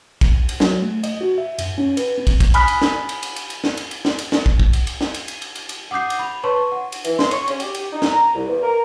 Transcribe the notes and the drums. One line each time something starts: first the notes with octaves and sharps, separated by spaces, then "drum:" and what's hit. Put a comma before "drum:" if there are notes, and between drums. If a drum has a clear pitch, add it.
drum: kick, cymbal
drum: cymbal
F#3, drum: snare
A3
D#5, drum: cymbal
F#4
E5
F#2, drum: cymbal
C#4
B4, drum: cymbal
C4
drum: kick, cymbal
drum: kick, cymbal
G#5 B5 D#6 F6 F#6 B6, drum: cymbal
drum: cymbal
drum: snare
drum: cymbal
drum: cymbal
drum: cymbal
drum: cymbal
drum: snare
drum: cymbal
drum: cymbal
drum: snare
drum: cymbal
drum: snare
drum: kick
drum: kick
drum: cymbal
drum: cymbal
drum: snare
drum: cymbal
drum: cymbal
drum: cymbal
drum: cymbal
drum: cymbal
F#5 D6 D#6 G6 C7
drum: cymbal
B5 F7
B4 C#5 A5 C6 C#6
C#6
F#5
drum: cymbal
E3, drum: cymbal
C6, drum: snare
C#6, drum: cymbal
C#4, drum: cymbal
G4, drum: cymbal
drum: cymbal
D#4
drum: snare
A#5
C2
E2
A#4